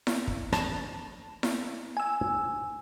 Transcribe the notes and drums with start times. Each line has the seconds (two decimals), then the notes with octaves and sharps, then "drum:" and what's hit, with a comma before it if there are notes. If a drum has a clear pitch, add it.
0.07 drum: snare E4
0.27 drum: kick
0.53 A5, drum: rim click
1.43 drum: snare E4
1.97 G#5 E6